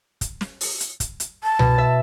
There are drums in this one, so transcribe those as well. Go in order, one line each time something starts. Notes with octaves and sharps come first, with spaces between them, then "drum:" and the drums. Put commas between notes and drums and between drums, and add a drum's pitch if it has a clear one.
drum: kick, hi-hat
drum: snare
drum: open hi-hat
drum: hi-hat
drum: kick, hi-hat
drum: hi-hat
A5
B2, drum: tom C2
E5 A6